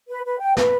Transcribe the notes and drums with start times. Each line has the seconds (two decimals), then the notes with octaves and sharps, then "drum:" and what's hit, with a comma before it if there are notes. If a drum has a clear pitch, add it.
0.09 B4
0.25 B4
0.40 G5
0.57 B4, drum: snare